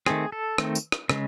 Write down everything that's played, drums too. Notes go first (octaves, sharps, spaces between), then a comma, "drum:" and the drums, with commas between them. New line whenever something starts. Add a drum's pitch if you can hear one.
D#3 A3 C4 G#4, drum: rim click
A4
D#3 A3 C4, drum: rim click
drum: tambourine
drum: rim click
C#3 G#3, drum: rim click